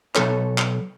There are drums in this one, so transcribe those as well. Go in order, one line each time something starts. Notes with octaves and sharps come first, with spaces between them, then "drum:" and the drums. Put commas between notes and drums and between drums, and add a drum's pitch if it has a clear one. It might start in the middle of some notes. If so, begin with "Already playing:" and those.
B1 C#3 A4 C#5, drum: clap
drum: clap